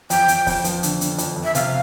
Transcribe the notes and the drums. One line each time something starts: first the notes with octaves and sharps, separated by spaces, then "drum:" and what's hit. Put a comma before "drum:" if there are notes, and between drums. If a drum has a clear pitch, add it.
F2 G5, drum: hi-hat
F2, drum: hi-hat
F2, drum: kick, open hi-hat
F3, drum: hi-hat
D3, drum: hi-hat
D3, drum: hi-hat
F2, drum: hi-hat
F2
E5
C3 F5, drum: hi-hat